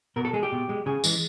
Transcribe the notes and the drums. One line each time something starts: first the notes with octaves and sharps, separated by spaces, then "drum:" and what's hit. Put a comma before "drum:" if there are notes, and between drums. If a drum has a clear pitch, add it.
B2 A#4
A4
G#3 G#4
G4
B2
G#3
C#3 G#4
E3 G#3, drum: tambourine